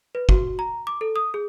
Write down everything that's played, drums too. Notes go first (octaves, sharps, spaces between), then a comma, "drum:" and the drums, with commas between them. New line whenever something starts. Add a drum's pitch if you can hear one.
B4
F#4, drum: kick
A#5
D6
A4
D#6
G#4